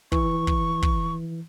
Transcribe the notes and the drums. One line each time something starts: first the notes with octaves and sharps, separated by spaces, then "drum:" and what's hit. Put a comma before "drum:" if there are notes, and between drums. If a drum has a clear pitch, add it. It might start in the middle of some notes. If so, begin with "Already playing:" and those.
E3 C#6, drum: kick
drum: kick
drum: kick